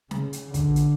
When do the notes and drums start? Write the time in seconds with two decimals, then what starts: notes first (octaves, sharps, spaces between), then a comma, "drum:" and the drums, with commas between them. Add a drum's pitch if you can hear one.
0.11 C#3, drum: snare
0.33 drum: hi-hat
0.54 D3, drum: kick, hi-hat
0.76 drum: hi-hat